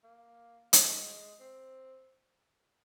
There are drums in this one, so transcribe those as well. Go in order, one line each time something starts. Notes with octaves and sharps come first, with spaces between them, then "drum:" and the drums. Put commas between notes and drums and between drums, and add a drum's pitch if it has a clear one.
A#3
G#3, drum: hi-hat
C4